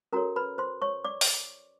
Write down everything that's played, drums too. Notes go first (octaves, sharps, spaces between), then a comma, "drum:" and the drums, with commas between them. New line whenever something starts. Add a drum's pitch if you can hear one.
C#4 F#4 A4 A#4 C#5 A#5
B4 B5
C5 C6
C#5 C#6
D5 D6
drum: open hi-hat